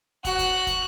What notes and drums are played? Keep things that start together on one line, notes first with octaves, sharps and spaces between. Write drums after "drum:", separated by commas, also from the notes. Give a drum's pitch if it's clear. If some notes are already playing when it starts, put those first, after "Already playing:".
F#4 F#6, drum: kick, hi-hat
drum: kick, hi-hat
drum: kick, hi-hat